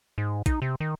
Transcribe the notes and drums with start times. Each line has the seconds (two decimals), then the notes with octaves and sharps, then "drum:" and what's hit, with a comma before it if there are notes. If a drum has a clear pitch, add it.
0.18 G#2
0.46 D#4, drum: kick, hi-hat
0.62 C3
0.80 D#3